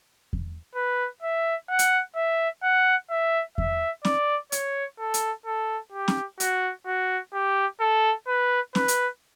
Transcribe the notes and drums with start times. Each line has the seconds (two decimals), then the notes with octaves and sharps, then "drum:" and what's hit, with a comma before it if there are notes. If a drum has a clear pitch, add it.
0.33 drum: kick E2
0.75 B4
1.23 E5
1.69 F#5
1.79 drum: hi-hat
2.16 E5
2.63 F#5
3.11 E5
3.58 E5, drum: kick E2
4.05 D5, drum: snare
4.52 C#5, drum: hi-hat
4.99 A4
5.14 drum: hi-hat
5.46 A4
5.92 G4
6.08 drum: snare
6.40 F#4, drum: hi-hat
6.87 F#4
7.33 G4
7.80 A4
8.28 B4
8.75 B4, drum: snare
8.88 drum: hi-hat